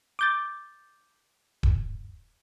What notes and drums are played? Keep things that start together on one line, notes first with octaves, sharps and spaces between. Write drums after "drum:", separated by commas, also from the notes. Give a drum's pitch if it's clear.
D6 G6 A6
drum: kick D#1